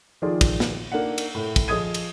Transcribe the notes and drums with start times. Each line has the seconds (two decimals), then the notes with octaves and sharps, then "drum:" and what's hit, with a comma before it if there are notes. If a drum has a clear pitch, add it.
0.22 D#3 F3 F4 G#4 D5
0.41 drum: kick, cymbal
0.60 drum: snare
0.92 A#3 D4 D#4 F#5
1.18 drum: cymbal
1.35 A2
1.56 drum: kick, cymbal
1.68 F3 G#4 D#5 D#6 G#6 D#7
1.94 drum: cymbal